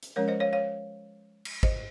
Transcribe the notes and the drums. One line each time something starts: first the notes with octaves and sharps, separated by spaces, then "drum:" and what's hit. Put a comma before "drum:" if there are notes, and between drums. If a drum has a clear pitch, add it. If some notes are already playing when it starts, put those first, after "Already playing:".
drum: hi-hat
F3 G#3 C#4 A#4 C#5
C5 D#5
C#5 F5
C#5 F5
drum: cymbal
C5 D#5, drum: kick G#1